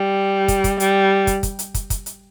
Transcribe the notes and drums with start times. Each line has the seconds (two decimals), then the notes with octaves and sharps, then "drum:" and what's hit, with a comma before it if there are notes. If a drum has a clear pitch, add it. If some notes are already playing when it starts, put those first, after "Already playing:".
Already playing: G3
0.48 drum: kick, hi-hat
0.64 drum: kick, hi-hat
0.80 G3, drum: hi-hat
1.27 drum: kick, hi-hat
1.43 drum: kick, hi-hat
1.59 drum: hi-hat
1.74 drum: kick, hi-hat
1.90 drum: kick, hi-hat
2.06 drum: hi-hat